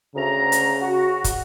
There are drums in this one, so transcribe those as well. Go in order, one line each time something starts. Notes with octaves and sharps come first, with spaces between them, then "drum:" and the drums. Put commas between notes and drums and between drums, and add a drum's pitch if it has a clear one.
D2 C#3 A#5
drum: hi-hat
F#4
drum: kick, hi-hat